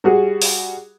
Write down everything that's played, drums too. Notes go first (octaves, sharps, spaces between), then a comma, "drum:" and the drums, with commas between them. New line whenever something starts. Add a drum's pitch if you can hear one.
G3 F#4 G#4
drum: open hi-hat